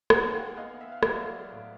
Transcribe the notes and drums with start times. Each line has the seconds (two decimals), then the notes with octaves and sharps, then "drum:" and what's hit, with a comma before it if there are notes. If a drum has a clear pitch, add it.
0.10 D#4 F#5 G#5, drum: rim click
0.34 F5 G5
0.57 B3 D#5 F5
0.81 E5
0.92 F5
1.03 F#3 D5 E5, drum: rim click
1.52 A2